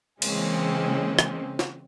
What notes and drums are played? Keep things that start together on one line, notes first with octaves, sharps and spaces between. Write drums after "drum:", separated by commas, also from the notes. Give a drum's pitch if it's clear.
C#3 E3 G#3 A#3 C4 C#4, drum: cymbal
drum: rim click
drum: snare